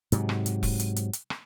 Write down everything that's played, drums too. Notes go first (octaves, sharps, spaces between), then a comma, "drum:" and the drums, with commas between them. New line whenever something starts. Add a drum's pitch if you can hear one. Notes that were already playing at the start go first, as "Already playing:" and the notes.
G#2 C3 F#3, drum: hi-hat
drum: rim click
drum: hi-hat
drum: kick E1, open hi-hat
drum: hi-hat
drum: hi-hat
drum: hi-hat
drum: rim click